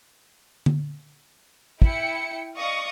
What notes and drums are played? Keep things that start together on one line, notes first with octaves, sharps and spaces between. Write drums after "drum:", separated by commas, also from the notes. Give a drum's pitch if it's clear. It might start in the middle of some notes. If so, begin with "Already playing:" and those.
drum: tom D3
E4 G5 C#7, drum: kick
D5 D#5 F5 C#6 D#6